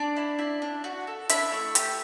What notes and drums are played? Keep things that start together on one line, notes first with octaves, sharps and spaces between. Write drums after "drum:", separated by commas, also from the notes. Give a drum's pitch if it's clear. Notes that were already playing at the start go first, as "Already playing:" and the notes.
Already playing: D4 D5
E4
E4
D4
F#4
A4
D4 E4 E5, drum: hi-hat
A3
G4, drum: hi-hat